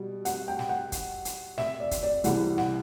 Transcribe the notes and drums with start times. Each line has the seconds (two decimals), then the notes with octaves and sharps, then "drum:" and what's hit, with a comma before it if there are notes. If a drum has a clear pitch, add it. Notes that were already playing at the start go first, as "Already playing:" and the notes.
Already playing: B2 G3
0.25 F#5, drum: hi-hat
0.48 G5
0.59 drum: snare
0.69 F#5
0.92 drum: kick, hi-hat
1.25 drum: hi-hat
1.58 E5, drum: snare
1.80 D5
1.91 drum: kick, hi-hat
2.03 D5
2.24 C2 C3 E3 F#5, drum: hi-hat
2.58 F#5, drum: snare